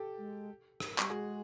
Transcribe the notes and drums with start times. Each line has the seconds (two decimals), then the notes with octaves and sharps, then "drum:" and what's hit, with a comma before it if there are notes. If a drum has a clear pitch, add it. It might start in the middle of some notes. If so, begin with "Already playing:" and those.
Already playing: G4 A4
0.18 G#3
0.80 drum: rim click
0.98 G3, drum: clap
1.10 G#3 F#4 G#4